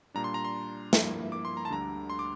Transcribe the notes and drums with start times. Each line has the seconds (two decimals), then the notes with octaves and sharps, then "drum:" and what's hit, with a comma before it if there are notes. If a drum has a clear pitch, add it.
0.14 A#2 G3 D4 A#5
0.24 C6
0.34 A#5
0.45 C6
0.93 G2 F3 A#3 E4, drum: snare
1.32 D6
1.45 C6
1.57 A#5
1.65 A5
1.70 D2 D3 G3 D4 A#5
2.10 C6
2.19 D6